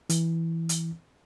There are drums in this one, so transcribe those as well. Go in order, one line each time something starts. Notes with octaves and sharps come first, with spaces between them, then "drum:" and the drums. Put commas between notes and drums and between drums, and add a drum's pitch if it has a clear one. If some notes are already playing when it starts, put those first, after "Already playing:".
E3, drum: hi-hat
drum: hi-hat